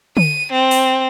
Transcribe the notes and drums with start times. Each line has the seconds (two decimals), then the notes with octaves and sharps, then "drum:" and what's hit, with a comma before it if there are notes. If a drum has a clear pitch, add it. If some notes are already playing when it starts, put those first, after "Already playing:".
0.17 D#7, drum: tom D3
0.51 C4
0.71 drum: open hi-hat